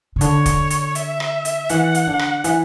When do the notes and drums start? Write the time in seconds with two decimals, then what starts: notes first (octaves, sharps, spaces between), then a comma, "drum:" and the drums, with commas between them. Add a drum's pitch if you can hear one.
0.16 C#3
0.21 D3 C#5, drum: hi-hat
0.46 drum: kick, hi-hat
0.70 drum: hi-hat
0.95 E5, drum: hi-hat
1.20 drum: rim click
1.45 drum: hi-hat
1.69 E3 F#5, drum: hi-hat
1.95 drum: hi-hat
2.07 D3
2.19 drum: rim click
2.44 E3, drum: hi-hat